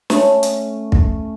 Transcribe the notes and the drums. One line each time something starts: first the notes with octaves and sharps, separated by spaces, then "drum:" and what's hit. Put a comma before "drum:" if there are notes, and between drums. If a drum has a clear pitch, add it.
A3 C#4, drum: snare
drum: hi-hat
drum: kick